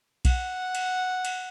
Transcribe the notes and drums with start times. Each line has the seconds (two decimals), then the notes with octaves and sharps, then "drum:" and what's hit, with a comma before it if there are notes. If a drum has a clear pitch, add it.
0.25 F#5, drum: kick B1, cymbal
0.75 drum: cymbal
1.25 drum: cymbal